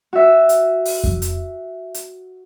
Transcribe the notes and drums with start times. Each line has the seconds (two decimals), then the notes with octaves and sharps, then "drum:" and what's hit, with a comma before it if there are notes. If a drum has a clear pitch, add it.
0.13 F#4 E5
0.49 drum: hi-hat
0.85 drum: open hi-hat
1.04 drum: kick F2
1.22 drum: hi-hat
1.94 drum: hi-hat